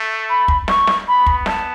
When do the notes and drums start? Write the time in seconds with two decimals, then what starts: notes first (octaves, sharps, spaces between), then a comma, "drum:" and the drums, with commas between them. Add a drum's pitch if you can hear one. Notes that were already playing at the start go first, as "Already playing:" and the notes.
Already playing: A3
0.29 B5
0.48 drum: kick
0.68 C#6, drum: snare
0.87 drum: snare
1.07 B3 B5
1.26 drum: kick
1.46 A5, drum: snare